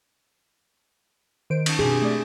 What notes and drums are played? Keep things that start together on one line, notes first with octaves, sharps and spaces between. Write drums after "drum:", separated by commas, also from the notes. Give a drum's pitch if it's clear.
D#3 C5 D7
C#4 D#4 A5, drum: cymbal
F#2 B2 C4 D4 G4 G#4
A3 D5